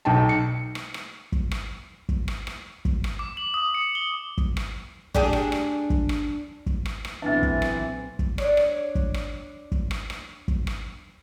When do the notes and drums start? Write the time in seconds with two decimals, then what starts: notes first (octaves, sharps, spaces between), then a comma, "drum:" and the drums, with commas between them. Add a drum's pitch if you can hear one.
0.05 B1 D#4 G5 A5
0.29 C#7
0.75 drum: rim click
0.94 drum: rim click
1.32 drum: kick
1.51 drum: rim click
2.09 drum: kick
2.28 drum: rim click
2.47 drum: rim click
2.85 drum: kick
3.04 drum: rim click
3.19 D6
3.37 F#7
3.54 D#6
3.75 C#7
3.95 G7
4.38 drum: kick
4.57 drum: rim click
5.15 D4 G4 G#4, drum: kick
5.33 drum: rim click
5.52 drum: rim click
5.90 drum: kick
6.09 drum: rim click
6.66 drum: kick
6.85 drum: rim click
7.05 drum: rim click
7.22 B1 A#2 E3 B3 C4 D4 E5 A6
7.43 drum: kick
7.62 drum: rim click
8.19 drum: kick
8.38 D4 C#5 D5, drum: rim click
8.57 drum: rim click
8.95 drum: kick
9.14 drum: rim click
9.72 drum: kick
9.91 drum: rim click
10.10 drum: rim click
10.48 drum: kick
10.67 drum: rim click